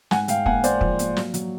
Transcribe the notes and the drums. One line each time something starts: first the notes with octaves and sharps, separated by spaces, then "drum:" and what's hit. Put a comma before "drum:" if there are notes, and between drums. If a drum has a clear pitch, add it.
G#2 F#5 G#5, drum: snare
G#2 F5 G5, drum: hi-hat
A#3 F#5 G#5, drum: kick
A#3 C5 D5, drum: hi-hat
F3, drum: kick
A#3, drum: hi-hat
F#3, drum: snare
F#3, drum: hi-hat